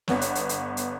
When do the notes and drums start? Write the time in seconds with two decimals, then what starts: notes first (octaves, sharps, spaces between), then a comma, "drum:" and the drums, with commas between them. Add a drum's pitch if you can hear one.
0.08 G1 B3 C#5, drum: snare
0.21 drum: hi-hat
0.35 drum: hi-hat
0.49 drum: hi-hat
0.77 drum: hi-hat